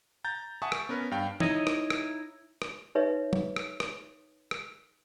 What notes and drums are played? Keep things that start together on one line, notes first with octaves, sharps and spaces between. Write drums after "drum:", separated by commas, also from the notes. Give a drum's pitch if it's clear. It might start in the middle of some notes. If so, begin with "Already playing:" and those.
A#5 G6 A6
E5 F#5 G#5 A5 C#6 D#6
drum: rim click
B3 C#4 A#4 B4
G2 F5 G5
D#4 E4 C#5 D#5, drum: tom
drum: rim click
drum: rim click
drum: rim click
D#4 B4 C#5 E5
drum: tom
drum: rim click
drum: rim click
drum: rim click